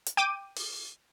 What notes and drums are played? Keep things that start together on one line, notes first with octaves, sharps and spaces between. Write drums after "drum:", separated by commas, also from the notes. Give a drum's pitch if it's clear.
drum: hi-hat
G5 D6 D#7
drum: open hi-hat